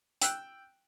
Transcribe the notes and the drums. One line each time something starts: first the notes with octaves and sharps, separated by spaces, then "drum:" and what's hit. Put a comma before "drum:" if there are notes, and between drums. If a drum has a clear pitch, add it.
G5 E6 F#6, drum: hi-hat